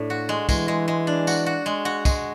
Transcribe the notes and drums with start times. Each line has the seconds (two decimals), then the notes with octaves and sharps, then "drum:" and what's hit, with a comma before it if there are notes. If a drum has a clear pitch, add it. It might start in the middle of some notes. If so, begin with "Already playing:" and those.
Already playing: A2 D4
0.10 F#4
0.29 G#3
0.49 E3 G#3, drum: kick, tambourine
0.68 G#3
0.88 G#3
1.07 D4
1.27 F#4, drum: tambourine
1.46 F#4
1.66 G#3
1.85 F#4
2.05 G#3, drum: kick, tambourine